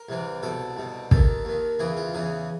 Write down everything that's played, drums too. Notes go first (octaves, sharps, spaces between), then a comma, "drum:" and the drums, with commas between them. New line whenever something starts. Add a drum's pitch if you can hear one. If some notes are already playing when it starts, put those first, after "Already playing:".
Already playing: A#4
C2 C3 E3
C2 B2 A4
C2 B2
D#2 D#3 A4, drum: kick
D#2 D#3
E2 C#3 E3 G#4
F4
E2 C#3 E3 G#4